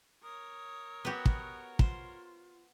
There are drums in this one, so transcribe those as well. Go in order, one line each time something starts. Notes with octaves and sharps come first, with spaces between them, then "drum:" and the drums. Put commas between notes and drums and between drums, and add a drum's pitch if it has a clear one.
A#4 C#5 D#6
B3 F#4 G4 B4
drum: kick
F4 C5, drum: kick